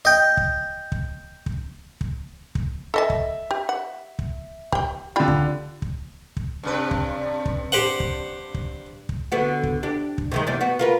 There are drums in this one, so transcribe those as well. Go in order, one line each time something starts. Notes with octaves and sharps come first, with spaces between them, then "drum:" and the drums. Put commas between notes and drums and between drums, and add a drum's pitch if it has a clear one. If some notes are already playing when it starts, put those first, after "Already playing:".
D#5 G5
drum: kick
drum: kick
drum: kick
drum: kick
drum: kick
A4 D#5 E5 A5
drum: kick
G4
F#5
drum: kick
G4 G5, drum: kick
D3 F4 G4 D5 B5
drum: kick
drum: kick
drum: kick
G2 C3 B4
drum: kick
drum: kick
G4 C5 F#5
drum: kick
drum: kick
drum: kick
D3 B3 F#4
drum: kick
D4 G4
drum: kick
C3 D#3 G#3
E2 G3 D4
B3 F#4
F4 A#4 B4